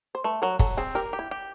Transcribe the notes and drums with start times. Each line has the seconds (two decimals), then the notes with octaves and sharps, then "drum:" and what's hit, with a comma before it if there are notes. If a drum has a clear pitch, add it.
0.15 C5
0.24 A3 B4
0.42 F#3 A#4
0.59 F#3 A4, drum: kick
0.77 C4 G#4
0.95 G4 A#4
1.13 G4
1.19 E4
1.31 G4